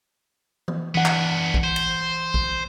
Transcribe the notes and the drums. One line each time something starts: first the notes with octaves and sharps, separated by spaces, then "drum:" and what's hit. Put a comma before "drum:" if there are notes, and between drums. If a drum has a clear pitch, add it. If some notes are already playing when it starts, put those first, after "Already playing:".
drum: tom E3
E3 B3 D4 F#5
drum: clap
drum: kick A#1
C5
drum: cymbal
drum: kick A#1